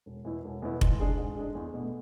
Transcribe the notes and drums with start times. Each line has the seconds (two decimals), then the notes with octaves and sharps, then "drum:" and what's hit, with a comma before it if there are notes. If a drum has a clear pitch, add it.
0.06 E1
0.25 E2 B2 B3 E4
0.44 E1
0.62 E2 B2 B3 E4
0.81 G#2, drum: kick F1
1.00 G#3 D4 G#4
1.17 G#2
1.37 G#3 D4 G#4
1.55 E2
1.74 B2 A3